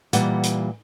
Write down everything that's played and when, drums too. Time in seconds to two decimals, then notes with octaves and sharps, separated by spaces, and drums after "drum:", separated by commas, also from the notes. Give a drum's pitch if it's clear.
0.13 A#2 E3 G3 F#5, drum: hi-hat
0.43 drum: hi-hat